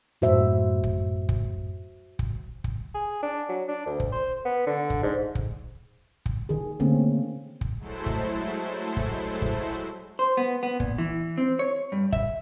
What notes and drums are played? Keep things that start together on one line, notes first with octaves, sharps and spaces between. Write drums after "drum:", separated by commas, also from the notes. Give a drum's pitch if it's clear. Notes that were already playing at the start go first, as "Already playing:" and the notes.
F#2 A2 F#4 C5 E5
drum: kick
drum: kick
drum: kick
drum: kick
G#4
D4
F#3
D4
D2
drum: kick
C5
B3
D3
drum: kick
G#2
drum: kick
drum: kick
D#3 G#4
D3 A3 A#3 C4 C#4
drum: kick
F#3 G#3 A3 E4 A4 C5
drum: kick
drum: kick
drum: kick
C5
B3
B3
A#2, drum: kick
E3
C4
C#5
G2
E5, drum: kick